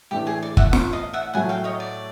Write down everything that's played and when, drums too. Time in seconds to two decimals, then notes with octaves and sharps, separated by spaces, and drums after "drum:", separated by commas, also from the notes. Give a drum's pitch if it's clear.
0.11 A2 E3 A3 D4 G4
0.27 G#4
0.43 D5
0.57 E5 F#5, drum: kick
0.73 drum: snare
0.93 D#5 F5
1.13 E5 F#5
1.33 A2 F#3 A3 F#5 G#5
1.49 F5 G5
1.64 C#5 D#5
1.80 D5